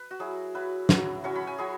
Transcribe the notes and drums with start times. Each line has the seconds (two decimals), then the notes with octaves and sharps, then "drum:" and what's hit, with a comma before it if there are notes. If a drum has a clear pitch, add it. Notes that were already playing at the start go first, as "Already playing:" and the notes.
Already playing: B4
0.11 F#4
0.20 F#3 E4 G#4
0.55 F#3 E4 B4
0.89 F#3 E4, drum: snare
1.24 F#3 C#4 E4 C#5
1.36 B5
1.47 G#5
1.58 F#3 C#4 E4 G#4